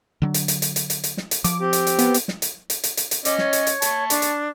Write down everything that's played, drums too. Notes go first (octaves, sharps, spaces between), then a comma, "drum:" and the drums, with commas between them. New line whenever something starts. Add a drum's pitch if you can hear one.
D3 F#3 D4
drum: hi-hat
drum: hi-hat
drum: hi-hat
drum: hi-hat
drum: hi-hat
drum: hi-hat
drum: snare
drum: hi-hat
F3 D6, drum: hi-hat
C4 G4
drum: hi-hat
drum: hi-hat
B3, drum: hi-hat
drum: hi-hat
drum: snare
drum: hi-hat
drum: hi-hat
drum: hi-hat
drum: hi-hat
drum: hi-hat
C#4 D#5 D6, drum: hi-hat
C#5, drum: snare
drum: hi-hat
drum: hi-hat
A5 C#6, drum: hi-hat
D4, drum: hi-hat
drum: hi-hat